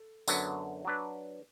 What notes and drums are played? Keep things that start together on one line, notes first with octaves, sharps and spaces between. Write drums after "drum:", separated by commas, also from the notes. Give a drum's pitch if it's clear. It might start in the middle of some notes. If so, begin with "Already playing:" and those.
Already playing: A4
F#2 D3 F#3 B3, drum: tambourine
F#3 D4 B4